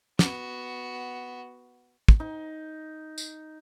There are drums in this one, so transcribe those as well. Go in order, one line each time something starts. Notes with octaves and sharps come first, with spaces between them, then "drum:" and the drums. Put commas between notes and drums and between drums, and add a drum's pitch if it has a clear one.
B3 F#4, drum: snare
drum: kick
D#4
drum: tambourine